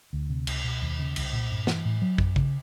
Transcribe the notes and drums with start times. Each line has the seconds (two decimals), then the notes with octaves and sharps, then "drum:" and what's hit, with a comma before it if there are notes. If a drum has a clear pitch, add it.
0.13 D2
0.30 C3
0.47 C#2, drum: cymbal
0.64 B2
0.82 D#2
0.99 C#3
1.16 C2, drum: cymbal
1.33 A#2
1.50 G2
1.67 E3, drum: snare
1.85 A2
2.02 F#3
2.18 F#2, drum: kick
2.36 C#3, drum: kick